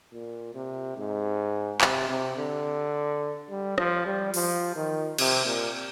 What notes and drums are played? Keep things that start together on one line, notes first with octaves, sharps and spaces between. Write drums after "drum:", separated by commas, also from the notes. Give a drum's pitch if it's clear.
A#2
C3
G#2
C3, drum: clap
C3
D3
G3
F3, drum: rim click
G3
F3, drum: open hi-hat
D#3
C3, drum: cymbal
A#2